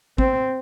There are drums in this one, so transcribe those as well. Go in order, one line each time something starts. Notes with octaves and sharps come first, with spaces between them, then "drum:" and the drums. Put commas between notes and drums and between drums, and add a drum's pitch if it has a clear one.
C4, drum: kick